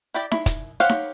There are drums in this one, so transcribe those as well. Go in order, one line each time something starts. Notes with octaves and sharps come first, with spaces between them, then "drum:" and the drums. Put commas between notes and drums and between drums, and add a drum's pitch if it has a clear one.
E4 G4 D5
E4, drum: snare D#4
drum: kick, hi-hat
G4 C5 C#5 F5 F#5
drum: snare D#4